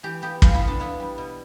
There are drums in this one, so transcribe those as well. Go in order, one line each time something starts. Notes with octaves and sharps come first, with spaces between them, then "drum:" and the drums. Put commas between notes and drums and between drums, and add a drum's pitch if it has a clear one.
E3 G4
B3 G4
E3 F4, drum: kick
E4
B3
D4
B3 E4
G3
B2